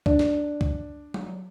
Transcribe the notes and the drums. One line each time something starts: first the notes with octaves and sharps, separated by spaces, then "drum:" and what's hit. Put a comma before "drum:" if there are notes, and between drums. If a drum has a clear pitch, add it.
D4, drum: kick C#2
drum: snare
drum: kick C#2
drum: tom F#3